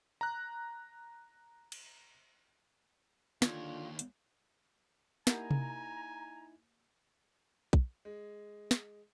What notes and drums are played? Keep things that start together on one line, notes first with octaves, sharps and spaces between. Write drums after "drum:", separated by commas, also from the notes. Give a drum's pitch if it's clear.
A#5 F#6
drum: cymbal
D#2 D3 D4 F4 C#5, drum: snare
drum: hi-hat
A#3 D#4 E4 G4 A#4 G#5 A#5, drum: snare
drum: tom C3
drum: kick
G#3
drum: snare